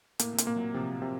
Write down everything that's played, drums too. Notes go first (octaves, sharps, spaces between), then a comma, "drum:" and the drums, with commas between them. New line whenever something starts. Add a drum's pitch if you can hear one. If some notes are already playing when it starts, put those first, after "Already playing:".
A2 A#3, drum: hi-hat
C3
A#2, drum: hi-hat
A#3
F#3
C3 F3
C3